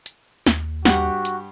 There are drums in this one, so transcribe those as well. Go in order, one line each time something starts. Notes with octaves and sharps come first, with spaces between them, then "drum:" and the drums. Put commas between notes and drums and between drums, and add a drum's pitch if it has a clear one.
drum: hi-hat
D#2, drum: snare
G2 F#4 G4 F#5, drum: snare
drum: hi-hat